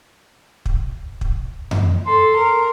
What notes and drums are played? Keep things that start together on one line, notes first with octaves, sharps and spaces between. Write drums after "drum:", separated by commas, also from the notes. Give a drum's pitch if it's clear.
drum: kick
drum: kick
drum: tom F2
A4 C6
A#4